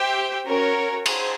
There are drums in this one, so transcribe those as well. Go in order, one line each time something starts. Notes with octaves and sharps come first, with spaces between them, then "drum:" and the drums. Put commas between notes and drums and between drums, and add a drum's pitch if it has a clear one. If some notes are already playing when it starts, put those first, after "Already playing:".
Already playing: G4 C5 E5 G5
C#4 F#4 A#4 C#5
G#4 C5, drum: cymbal